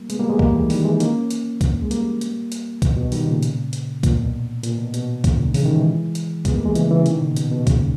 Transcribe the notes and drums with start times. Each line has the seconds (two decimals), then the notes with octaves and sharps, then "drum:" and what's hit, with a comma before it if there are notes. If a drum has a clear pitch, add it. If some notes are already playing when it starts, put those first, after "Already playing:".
Already playing: G3 A#3
0.10 G#3 B3, drum: hi-hat
0.19 G3 A#3
0.30 G#3 B3
0.39 G3 A#3, drum: kick
0.55 E3 G#3
0.70 D#3 G3, drum: open hi-hat
0.85 E3 G#3
0.95 D#4
1.00 A#3 C#4, drum: hi-hat
1.31 drum: hi-hat
1.61 drum: kick, hi-hat
1.82 G#3
1.91 G3 A#3, drum: hi-hat
2.21 drum: hi-hat
2.52 drum: hi-hat
2.82 B2, drum: kick, hi-hat
2.97 B2
3.12 D#3 G3, drum: open hi-hat
3.27 A#2 C#3
3.43 drum: hi-hat
3.73 drum: hi-hat
4.03 A#2, drum: kick, hi-hat
4.18 B2
4.63 A#2, drum: hi-hat
4.79 B2
4.94 B2, drum: hi-hat
5.24 A#2 C#3, drum: kick, hi-hat
5.34 A#2 C#3
5.45 B2 D#3
5.54 C#3 E3, drum: open hi-hat
5.65 D#3 G3
5.75 E3 G#3
6.15 drum: hi-hat
6.45 G#3 B3, drum: kick, hi-hat
6.55 G3 A#3
6.65 E3 G#3
6.75 C#3 E3, drum: hi-hat
6.90 C#3 E3
7.06 B2 D#3, drum: hi-hat
7.21 A#2 C#3
7.36 B2, drum: hi-hat
7.52 B2
7.67 A#2 C#3, drum: kick, hi-hat
7.81 D#3